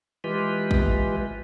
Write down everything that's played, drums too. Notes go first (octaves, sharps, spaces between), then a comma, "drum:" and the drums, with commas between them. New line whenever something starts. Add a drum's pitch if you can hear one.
E3 G#3 F4 G4 B4
drum: kick